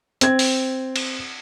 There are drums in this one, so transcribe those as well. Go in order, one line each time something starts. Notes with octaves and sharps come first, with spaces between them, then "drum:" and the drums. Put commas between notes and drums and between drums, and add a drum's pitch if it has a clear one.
C4 G#6, drum: hi-hat
drum: open hi-hat
drum: cymbal